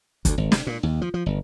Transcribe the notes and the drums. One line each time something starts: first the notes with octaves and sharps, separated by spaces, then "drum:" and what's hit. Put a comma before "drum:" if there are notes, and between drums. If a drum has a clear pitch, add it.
D2, drum: kick, hi-hat
G#1
C3, drum: snare
A#2
D#2
F3
F3
G1